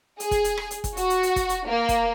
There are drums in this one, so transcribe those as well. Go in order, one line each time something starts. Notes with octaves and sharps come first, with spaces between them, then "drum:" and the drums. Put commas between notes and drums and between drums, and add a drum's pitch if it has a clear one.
G#4, drum: hi-hat
drum: kick, hi-hat
drum: hi-hat
drum: rim click
drum: hi-hat
drum: kick, hi-hat
F#4, drum: hi-hat
drum: hi-hat
drum: hi-hat
drum: kick, hi-hat
drum: hi-hat
A#3
drum: kick, hi-hat